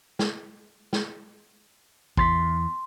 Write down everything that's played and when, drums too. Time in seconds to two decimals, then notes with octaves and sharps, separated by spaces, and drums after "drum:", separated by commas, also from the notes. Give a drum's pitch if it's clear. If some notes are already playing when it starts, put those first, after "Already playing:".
0.19 drum: snare
0.93 drum: snare
2.17 E2 C6 A6 B6, drum: kick A1